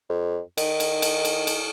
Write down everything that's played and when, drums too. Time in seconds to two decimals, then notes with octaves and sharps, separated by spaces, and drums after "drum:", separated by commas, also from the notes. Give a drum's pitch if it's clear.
0.10 F2
0.58 D#3, drum: cymbal
0.80 drum: cymbal
1.02 drum: cymbal
1.25 drum: cymbal
1.47 drum: cymbal